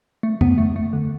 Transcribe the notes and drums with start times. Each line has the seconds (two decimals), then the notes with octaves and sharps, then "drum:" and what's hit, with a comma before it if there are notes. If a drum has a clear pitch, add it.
0.23 A3
0.41 B3, drum: tom F2
0.58 A3
0.76 A3
0.93 D3